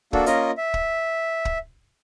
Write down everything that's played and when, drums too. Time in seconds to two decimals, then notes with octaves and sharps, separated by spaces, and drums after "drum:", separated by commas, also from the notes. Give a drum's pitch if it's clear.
0.13 A#3 D4 F#4 A4, drum: kick
0.26 A#3 C#4 F4 A#4 D#5, drum: hi-hat
0.57 E5
0.74 drum: kick
1.45 drum: kick